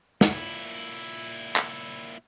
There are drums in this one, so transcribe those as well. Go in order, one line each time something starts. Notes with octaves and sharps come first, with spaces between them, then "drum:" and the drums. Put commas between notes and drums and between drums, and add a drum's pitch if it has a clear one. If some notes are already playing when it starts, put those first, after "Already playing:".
A#2 E4, drum: snare
drum: clap